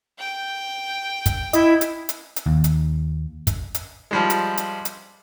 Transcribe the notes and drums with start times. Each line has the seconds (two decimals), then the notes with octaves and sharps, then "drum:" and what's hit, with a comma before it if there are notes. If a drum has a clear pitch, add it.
0.19 G5
1.26 drum: kick, hi-hat
1.53 E4 D#5, drum: hi-hat
1.81 drum: hi-hat
2.09 drum: hi-hat
2.36 drum: hi-hat
2.46 D#2
2.64 drum: hi-hat
3.47 drum: kick, hi-hat
3.75 drum: hi-hat
4.11 F3 G3 G#3
4.30 drum: hi-hat
4.57 drum: hi-hat
4.85 drum: hi-hat